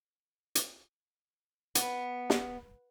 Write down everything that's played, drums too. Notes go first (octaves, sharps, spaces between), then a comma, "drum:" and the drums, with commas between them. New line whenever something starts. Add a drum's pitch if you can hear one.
drum: hi-hat
B3, drum: hi-hat
drum: snare